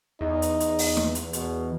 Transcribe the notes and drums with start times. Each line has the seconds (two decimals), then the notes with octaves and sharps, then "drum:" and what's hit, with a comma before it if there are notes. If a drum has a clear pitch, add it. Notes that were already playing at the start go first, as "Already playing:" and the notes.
0.21 E2 D#4
0.42 drum: hi-hat
0.60 drum: hi-hat
0.79 drum: open hi-hat
0.97 drum: snare
1.15 drum: hi-hat
1.33 B2, drum: hi-hat